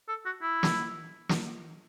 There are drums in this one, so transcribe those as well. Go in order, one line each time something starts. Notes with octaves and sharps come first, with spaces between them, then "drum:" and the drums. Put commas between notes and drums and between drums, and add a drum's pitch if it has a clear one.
A4
F#4
E4
drum: snare
drum: snare